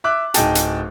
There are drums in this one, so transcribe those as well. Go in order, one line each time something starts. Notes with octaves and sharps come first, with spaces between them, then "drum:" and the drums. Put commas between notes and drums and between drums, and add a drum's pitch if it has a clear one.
E5 D6 F#6
D1 D#4 G#4 G5 A5, drum: hi-hat
drum: hi-hat